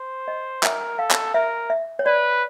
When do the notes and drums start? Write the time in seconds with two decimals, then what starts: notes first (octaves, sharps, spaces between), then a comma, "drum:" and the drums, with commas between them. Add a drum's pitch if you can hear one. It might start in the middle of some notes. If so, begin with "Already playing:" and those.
Already playing: C5
0.28 D#5
0.63 A#4 E5, drum: clap
0.99 A4 F5
1.11 drum: clap
1.34 A#4 E5
1.70 E5
1.99 C#5
2.06 B4 D5